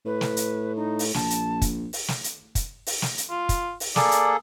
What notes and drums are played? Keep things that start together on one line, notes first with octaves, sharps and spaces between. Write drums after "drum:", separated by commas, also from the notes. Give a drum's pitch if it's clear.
A2 B4
drum: snare
drum: hi-hat
D#4
drum: open hi-hat
A#1 A5, drum: snare
drum: hi-hat
drum: kick, hi-hat
drum: open hi-hat
drum: snare
drum: hi-hat
drum: kick, hi-hat
drum: open hi-hat
drum: snare
drum: hi-hat
F4
drum: kick, hi-hat
drum: open hi-hat
A#3 G#4 A4 D5, drum: snare
drum: hi-hat